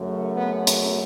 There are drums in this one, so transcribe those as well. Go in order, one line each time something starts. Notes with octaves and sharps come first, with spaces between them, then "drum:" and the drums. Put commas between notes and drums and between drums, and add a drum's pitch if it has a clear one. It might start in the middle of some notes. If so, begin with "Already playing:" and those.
Already playing: F#2 C#3 F#3 A3
B3
drum: hi-hat